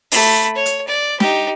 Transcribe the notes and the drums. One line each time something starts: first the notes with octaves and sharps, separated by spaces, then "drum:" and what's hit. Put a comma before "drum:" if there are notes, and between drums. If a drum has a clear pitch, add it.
A3 B5, drum: open hi-hat
C#5
drum: hi-hat
D5
D#4 G4, drum: snare